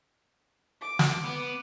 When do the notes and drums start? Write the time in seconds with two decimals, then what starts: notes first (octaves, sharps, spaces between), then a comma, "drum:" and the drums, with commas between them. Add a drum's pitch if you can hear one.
0.81 D6
0.99 drum: snare
1.23 B3